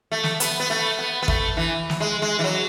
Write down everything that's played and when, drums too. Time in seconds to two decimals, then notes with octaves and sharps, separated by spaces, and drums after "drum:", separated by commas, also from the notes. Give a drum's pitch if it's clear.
0.12 A3
0.24 drum: snare
0.40 B3, drum: hi-hat
0.60 B3
0.70 A3
0.99 B3
1.23 B3
1.28 A3, drum: kick
1.57 E3
1.90 drum: snare
2.00 G#3
2.22 G#3
2.39 E3
2.44 F#3